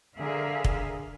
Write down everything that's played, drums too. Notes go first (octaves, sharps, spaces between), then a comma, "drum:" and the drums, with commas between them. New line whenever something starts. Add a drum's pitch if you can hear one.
D3 G#4 A#4 E5 F5
drum: kick